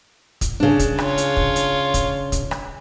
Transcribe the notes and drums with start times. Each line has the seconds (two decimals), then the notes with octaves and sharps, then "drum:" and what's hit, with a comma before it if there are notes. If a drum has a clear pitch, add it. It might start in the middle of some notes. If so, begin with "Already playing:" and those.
0.41 drum: kick, hi-hat
0.60 C#3 D4
0.79 drum: kick, hi-hat
0.98 F4 C#5, drum: rim click
1.18 drum: hi-hat
1.37 drum: kick
1.56 drum: hi-hat
1.94 drum: kick, hi-hat
2.32 drum: kick, hi-hat
2.51 drum: rim click